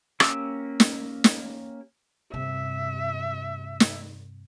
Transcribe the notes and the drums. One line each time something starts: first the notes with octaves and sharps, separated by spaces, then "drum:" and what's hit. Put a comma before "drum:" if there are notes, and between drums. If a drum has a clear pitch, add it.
A#3 C#4 G4 E6, drum: rim click
drum: snare
drum: snare
G2 C3 E5
drum: snare